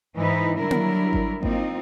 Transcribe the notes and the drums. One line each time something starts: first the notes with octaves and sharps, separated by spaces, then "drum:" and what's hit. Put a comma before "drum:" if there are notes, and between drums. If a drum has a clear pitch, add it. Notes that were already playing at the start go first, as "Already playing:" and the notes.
G#2 E3 D#4 E4 B4 C5
D3 F#3 G3 D4 E4 A#4
drum: tom A#3
drum: kick G#1
A#3 C4 D#4 F4, drum: kick G#1